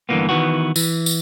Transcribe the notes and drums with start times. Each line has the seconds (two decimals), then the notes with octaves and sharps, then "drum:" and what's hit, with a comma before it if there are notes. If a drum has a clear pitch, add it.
0.09 G2 D3 E3 F3 A#3 B3
0.29 D#3 E3 B3 F#4
0.76 E3, drum: tambourine
1.06 drum: tambourine